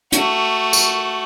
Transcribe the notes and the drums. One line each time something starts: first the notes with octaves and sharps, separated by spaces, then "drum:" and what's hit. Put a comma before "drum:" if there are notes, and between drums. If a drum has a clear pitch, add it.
A3 F#4, drum: hi-hat
drum: tambourine